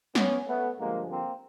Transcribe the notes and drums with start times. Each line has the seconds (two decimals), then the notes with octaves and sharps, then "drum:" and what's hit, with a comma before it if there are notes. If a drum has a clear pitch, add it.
0.15 B3 C#4, drum: snare
0.47 A3 B3
0.78 G2 D3 F3 G#3 A#3
1.09 A#3 C4